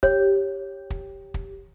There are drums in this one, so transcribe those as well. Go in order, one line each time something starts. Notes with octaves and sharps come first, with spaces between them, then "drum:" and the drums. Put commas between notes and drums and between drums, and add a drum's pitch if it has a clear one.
G4 C#5, drum: kick
drum: kick
drum: kick